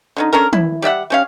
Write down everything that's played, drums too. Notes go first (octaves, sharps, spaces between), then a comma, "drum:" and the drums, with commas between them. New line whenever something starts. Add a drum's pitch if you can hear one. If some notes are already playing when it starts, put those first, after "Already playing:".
D3 C#4 D#4
C#4 D4 A4 A#4
E4, drum: tom
G3 D5 E5 F#5
G3 C#4 F5